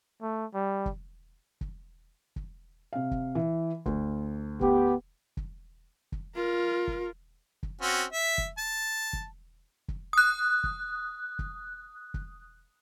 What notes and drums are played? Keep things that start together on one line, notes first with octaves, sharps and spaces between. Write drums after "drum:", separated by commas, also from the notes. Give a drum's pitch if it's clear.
A3
G3
drum: kick
drum: kick
drum: kick
C3 F5
drum: kick
E3
D2, drum: kick
B3 G4, drum: kick
drum: kick
drum: kick
F4 A#4
drum: kick
drum: kick
C4 C#4 F#4
E5
drum: kick
A5
drum: kick
drum: kick
D#6 F#6
drum: kick
drum: kick
drum: kick